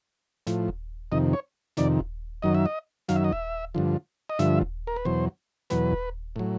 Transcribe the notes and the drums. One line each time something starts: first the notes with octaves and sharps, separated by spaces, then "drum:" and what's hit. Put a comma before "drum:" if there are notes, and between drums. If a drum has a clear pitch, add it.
A2 F3, drum: snare
drum: kick D#1
F2 C3 D#3 D#5
C#5
F2 C3 D#3 D5, drum: snare
drum: kick D#1
F#2 D#3 F#3 D#5
E5
D#5
F#2 D#3 F#3 F5, drum: snare
E5
D#5
E5, drum: kick D#1
G2 D3 F3
D#5
G2 D3 F3 E5, drum: snare
drum: kick D#1
A#4
B4
E2 B2 F#3 C5
E2 B2 F#3 B4, drum: snare
drum: kick D#1
A2 F#3